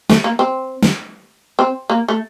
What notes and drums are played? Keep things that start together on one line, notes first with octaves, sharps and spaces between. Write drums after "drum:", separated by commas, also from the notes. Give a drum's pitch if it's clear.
A3, drum: snare
A#3
C4
drum: snare
C4
A#3
A3